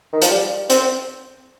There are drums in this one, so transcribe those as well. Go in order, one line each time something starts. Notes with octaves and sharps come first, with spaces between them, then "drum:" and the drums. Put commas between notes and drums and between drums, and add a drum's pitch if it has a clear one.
D#3
F3, drum: hi-hat
G3
C4, drum: hi-hat